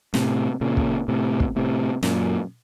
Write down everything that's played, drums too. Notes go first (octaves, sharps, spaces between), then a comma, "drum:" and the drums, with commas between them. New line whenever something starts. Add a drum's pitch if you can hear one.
A2 C3, drum: snare
A#2 C#3
drum: kick
A2 C3
drum: kick
A2 C3
F#2 A#2, drum: snare